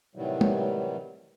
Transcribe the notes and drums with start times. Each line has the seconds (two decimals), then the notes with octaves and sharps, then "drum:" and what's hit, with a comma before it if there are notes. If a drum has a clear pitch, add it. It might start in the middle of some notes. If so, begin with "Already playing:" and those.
0.15 A2 C3 D#3 E3 F#3 G3
0.41 drum: tom G#3